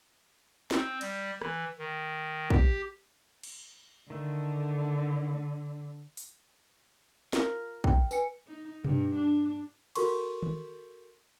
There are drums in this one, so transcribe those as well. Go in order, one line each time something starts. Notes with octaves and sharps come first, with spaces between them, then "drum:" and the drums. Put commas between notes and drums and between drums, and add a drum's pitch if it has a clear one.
C4, drum: snare
G3, drum: cymbal
E3, drum: rim click
D#3
G4, drum: kick A#1
drum: cymbal
D3 D#3 A3
drum: open hi-hat
F4 A#4, drum: snare
G5, drum: kick A#1
B4 G#5 C#7, drum: tambourine
D#4
G2, drum: tom B2
D4
F#4 A4 A#4 C6 C#6, drum: cymbal
drum: tom D#3